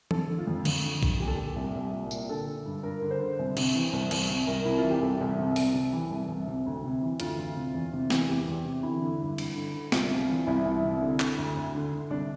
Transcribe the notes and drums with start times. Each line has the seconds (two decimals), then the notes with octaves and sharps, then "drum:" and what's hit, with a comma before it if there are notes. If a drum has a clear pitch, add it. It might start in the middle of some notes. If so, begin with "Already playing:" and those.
0.11 D3 A4, drum: tom E3
0.30 D3
0.39 F4
0.47 F2
0.65 F2, drum: cymbal
0.84 D3
1.03 D3, drum: kick A#1
1.20 A#2 G4
1.28 A4
1.35 A#2 G4
1.56 C2
1.75 C2
1.93 A#2
2.11 A#2, drum: tambourine
2.29 D3 A4
2.47 D3
2.66 G2
2.83 G2 A#4
3.02 D3
3.11 C5
3.20 D3
3.39 C2
3.57 C3, drum: cymbal
3.75 E3
3.93 C2
4.11 C2, drum: cymbal
4.30 C3
4.47 C2 A#4
4.65 C3 E4
4.78 F4
4.84 E3
4.90 G4
5.02 C2 A4
5.21 C2
5.39 C3
5.56 C2, drum: open hi-hat
5.74 C3
5.93 E3
6.10 C2
6.29 C2
6.47 C3
6.66 D2
6.84 C3
7.02 E3
7.20 D2 F4, drum: hi-hat
7.38 D2
7.56 C3
7.74 E2
7.93 C3
8.10 E3, drum: snare
8.29 E2 G4
8.47 E2
8.65 C3
8.83 D3 E4
9.02 D3
9.21 G2
9.38 G2, drum: cymbal
9.56 D3
9.74 D3
9.92 C2 F4, drum: snare
10.11 C3
10.29 E3
10.47 C2 E4
10.65 C2
10.84 C3
11.01 D3
11.20 D3, drum: clap
11.38 D2
11.57 D2
11.75 D3
11.93 D3
12.10 C2 D4